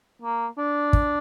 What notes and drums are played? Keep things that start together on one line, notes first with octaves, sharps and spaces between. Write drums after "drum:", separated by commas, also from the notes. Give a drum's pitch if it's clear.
A#3
D4
drum: kick